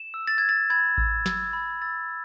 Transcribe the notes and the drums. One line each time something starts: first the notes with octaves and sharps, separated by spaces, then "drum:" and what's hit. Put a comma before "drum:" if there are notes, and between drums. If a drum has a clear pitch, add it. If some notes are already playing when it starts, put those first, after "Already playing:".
Already playing: E7
E6
A6
E6 G#6
A6
B5 G#6
E6, drum: kick A1
E6, drum: snare
B5
E6 A6
E6